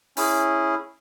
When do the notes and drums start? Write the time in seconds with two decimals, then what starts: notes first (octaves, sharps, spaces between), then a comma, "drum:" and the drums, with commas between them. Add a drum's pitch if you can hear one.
0.17 C#4 E4 G#4, drum: open hi-hat